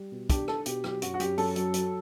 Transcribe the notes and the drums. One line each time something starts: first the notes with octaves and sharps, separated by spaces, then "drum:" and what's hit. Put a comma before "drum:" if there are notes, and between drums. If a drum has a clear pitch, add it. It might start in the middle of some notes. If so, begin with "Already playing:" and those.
Already playing: G3
B2
D4 G4, drum: kick, hi-hat
D4 A4, drum: rim click
B2 G4, drum: hi-hat
F#3 G4, drum: rim click
F#2 F#4, drum: hi-hat
F#4
F#2 G4, drum: hi-hat
F#2 A4, drum: open hi-hat
F#3, drum: hi-hat
F#3, drum: hi-hat